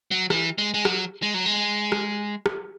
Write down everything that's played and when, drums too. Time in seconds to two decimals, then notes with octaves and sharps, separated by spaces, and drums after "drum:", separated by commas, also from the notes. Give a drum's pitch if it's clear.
0.11 F#3
0.30 E3, drum: rim click
0.58 G#3
0.74 G#3
0.85 F#3, drum: rim click
1.22 G#3
1.34 F#3
1.46 G#3
1.92 drum: rim click
2.46 drum: rim click